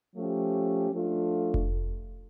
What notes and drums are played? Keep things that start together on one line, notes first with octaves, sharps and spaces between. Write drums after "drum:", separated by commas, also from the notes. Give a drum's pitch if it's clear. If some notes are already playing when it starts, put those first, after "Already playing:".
F3 A3 C#4 G4
F3 A3 D4 F4 A4
drum: kick F1